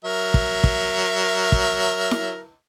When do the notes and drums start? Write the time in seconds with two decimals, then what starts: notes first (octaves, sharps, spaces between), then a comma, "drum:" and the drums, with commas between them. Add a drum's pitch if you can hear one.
0.05 F#3 A#4 E5
0.34 drum: kick
0.64 drum: kick
1.52 drum: kick
2.11 drum: snare E4